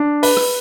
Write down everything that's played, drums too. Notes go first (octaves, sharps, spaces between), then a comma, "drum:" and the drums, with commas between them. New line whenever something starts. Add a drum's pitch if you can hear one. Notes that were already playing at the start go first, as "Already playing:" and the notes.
Already playing: D4
B4, drum: open hi-hat
drum: rim click